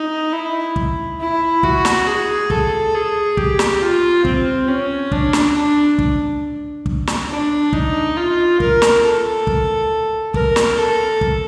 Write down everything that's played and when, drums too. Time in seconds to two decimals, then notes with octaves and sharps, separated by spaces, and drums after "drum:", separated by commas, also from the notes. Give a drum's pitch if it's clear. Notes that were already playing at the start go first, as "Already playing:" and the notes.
Already playing: D#4
0.32 E4
0.76 drum: kick
1.20 E4
1.63 F#4, drum: kick
1.85 drum: snare
2.06 G#4
2.50 A4, drum: kick
2.94 G#4
3.37 G4, drum: kick
3.59 drum: snare
3.81 F4
4.25 C4, drum: kick
4.68 C#4
5.12 D4, drum: kick
5.33 drum: snare
5.55 D4
5.99 drum: kick
6.86 drum: kick
7.07 drum: snare
7.29 D4
7.73 D#4, drum: kick
8.17 F4
8.60 A#4, drum: kick
8.82 drum: snare
9.04 A4
9.47 drum: kick
10.34 A#4, drum: kick
10.56 drum: snare
10.77 A4
11.21 drum: kick